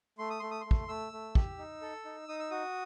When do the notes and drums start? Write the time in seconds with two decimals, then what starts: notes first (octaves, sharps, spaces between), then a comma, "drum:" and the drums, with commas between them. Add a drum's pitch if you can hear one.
0.18 A3 C6
0.30 D#6
0.40 A3 C6
0.51 D#6
0.61 A3 C6
0.71 drum: kick
0.88 A3 E6
1.12 A3
1.35 G4, drum: kick
1.59 D#4
1.82 A4
2.05 D#4
2.29 D#4 D#6
2.39 E6
2.51 F#4 D#6